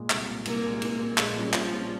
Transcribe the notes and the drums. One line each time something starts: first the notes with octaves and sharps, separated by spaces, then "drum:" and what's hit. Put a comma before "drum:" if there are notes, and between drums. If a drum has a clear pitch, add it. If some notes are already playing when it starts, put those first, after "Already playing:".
Already playing: A#2 G#3
C2, drum: clap
A#2 G#3
C2 A#3, drum: cymbal
A#2 G#3
C2, drum: cymbal
A#2 G#3
A#1 G#3, drum: clap
A#2 G3 C#4 F4
A#1 F3, drum: clap
A#2 G3 C#4 F4